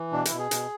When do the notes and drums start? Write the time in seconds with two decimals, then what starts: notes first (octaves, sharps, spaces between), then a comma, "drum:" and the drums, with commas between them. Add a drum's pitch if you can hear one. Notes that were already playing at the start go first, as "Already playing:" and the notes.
Already playing: E3
0.12 B2 D4
0.25 E4, drum: hi-hat
0.32 B2
0.39 G#4
0.51 B2, drum: hi-hat